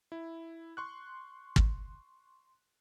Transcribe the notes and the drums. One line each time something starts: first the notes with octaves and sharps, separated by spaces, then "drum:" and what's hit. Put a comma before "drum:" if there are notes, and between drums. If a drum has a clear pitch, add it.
E4
C6 C#6 F#6
drum: kick